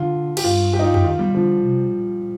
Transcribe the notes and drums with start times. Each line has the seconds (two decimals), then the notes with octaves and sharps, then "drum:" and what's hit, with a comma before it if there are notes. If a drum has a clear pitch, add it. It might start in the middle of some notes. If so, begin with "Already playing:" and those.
Already playing: D3 F4
0.37 G4, drum: cymbal
0.44 G2 F4
0.73 G4
0.79 D#4
0.84 F4
0.94 G4, drum: tom F2
1.04 D#3 F4
1.19 G3
1.34 D3 F3
1.64 C3
1.94 A#2